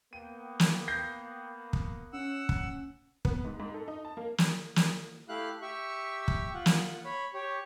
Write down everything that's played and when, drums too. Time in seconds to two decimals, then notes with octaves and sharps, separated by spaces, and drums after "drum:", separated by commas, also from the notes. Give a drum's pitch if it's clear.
0.13 A#3 B3 G5 D#7
0.60 drum: snare
0.88 G6 A#6 C7
1.73 drum: kick
2.13 C#4 F#5 E6
2.49 drum: kick
3.25 B3, drum: kick
3.45 G#2
3.60 G#2
3.74 A4
3.88 D#4
4.05 A5
4.17 A#3
4.38 drum: snare
4.76 drum: snare
5.29 A3 E4 G4 F5 F#6
5.62 G4 E5 C#6
6.28 drum: kick
6.54 F4 F#5
6.66 drum: snare
7.05 C#5 B5
7.34 G4 C#5